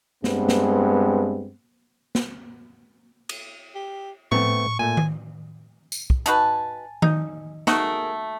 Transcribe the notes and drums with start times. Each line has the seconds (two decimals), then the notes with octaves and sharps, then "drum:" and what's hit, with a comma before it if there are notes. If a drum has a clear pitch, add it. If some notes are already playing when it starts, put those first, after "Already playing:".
0.24 G2 G#3 B3 C4, drum: snare
0.49 drum: snare
2.15 drum: snare
3.29 drum: cymbal
3.75 G4
4.32 A3 B3 C4 C#6, drum: tom A2
4.79 A#2 A3 G#5
4.97 drum: tom D#3
5.92 drum: tambourine
6.10 drum: kick
6.26 D#4 F#4 B4 G#5 A5, drum: hi-hat
7.02 D#4, drum: tom D#3
7.67 A3 D#4 F#4 G#4 A#4, drum: snare